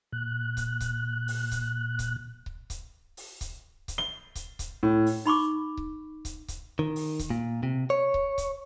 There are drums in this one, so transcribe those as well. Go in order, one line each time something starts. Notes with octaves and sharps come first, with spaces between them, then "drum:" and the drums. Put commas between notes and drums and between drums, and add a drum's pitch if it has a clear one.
A#2 F#6
drum: kick C#1, hi-hat
drum: kick C#1, hi-hat
drum: open hi-hat
drum: kick C#1, hi-hat
drum: kick C#1, hi-hat
drum: kick C#1
drum: kick C#1, hi-hat
drum: open hi-hat
drum: kick C#1, hi-hat
drum: kick C#1, hi-hat
G7
drum: kick C#1, hi-hat
drum: kick C#1, hi-hat
A2
drum: open hi-hat
D#4 B5 C#6 D6
drum: kick C#1
drum: kick C#1, hi-hat
drum: kick C#1, hi-hat
D#3
drum: open hi-hat
drum: kick C#1, hi-hat
A#2
C3
C#5
drum: kick C#1
drum: kick C#1, hi-hat